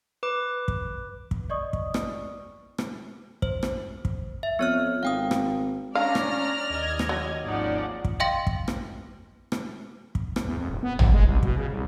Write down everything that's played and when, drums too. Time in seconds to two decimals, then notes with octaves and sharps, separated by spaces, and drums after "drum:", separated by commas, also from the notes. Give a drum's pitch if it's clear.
0.23 B4 D6
0.68 drum: kick
1.31 drum: kick
1.50 D5 D#5 C#6 D#6
1.73 drum: kick
1.94 drum: rim click
2.78 drum: rim click
3.42 C5, drum: kick
3.63 drum: rim click
4.05 drum: kick
4.43 E5
4.59 F2 B3 C#5 F6
5.03 G#1 F5 G5 D#6
5.31 drum: rim click
5.95 C#4 D4 D5 F5 A#5 F6 A#6
6.15 drum: rim click
6.70 D#2 D#5 G#6
6.99 drum: rim click
7.09 F#3
7.45 G#1 D#2 C#3 F3 D#4 D5 F#5
8.05 drum: kick
8.20 D#5 F5 G5 C6 A#6
8.47 drum: kick
8.68 drum: rim click
9.52 drum: rim click
10.15 drum: kick
10.36 drum: rim click
10.45 E2
10.57 F2
10.69 D#1
10.83 B3
10.99 C2, drum: tom
11.13 G#3
11.26 C2
11.43 B2, drum: kick
11.56 C#3
11.71 C2